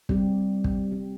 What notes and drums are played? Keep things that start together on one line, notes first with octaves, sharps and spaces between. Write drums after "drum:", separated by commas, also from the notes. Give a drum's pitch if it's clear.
G3 C4 G4, drum: kick
drum: kick
G3 C4 G4